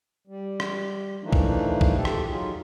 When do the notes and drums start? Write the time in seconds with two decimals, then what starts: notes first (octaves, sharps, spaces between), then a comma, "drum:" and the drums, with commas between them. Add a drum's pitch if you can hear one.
0.27 G3
0.60 drum: rim click
1.23 E3 F3 A3 A#3 D4 D#4
1.33 drum: kick
1.81 drum: kick
1.96 G4 A4
2.05 drum: rim click
2.29 F#3 D#4 F4 G#4